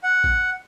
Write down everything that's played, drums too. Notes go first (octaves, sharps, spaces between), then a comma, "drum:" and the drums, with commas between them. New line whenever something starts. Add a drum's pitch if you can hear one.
F#5
drum: kick A1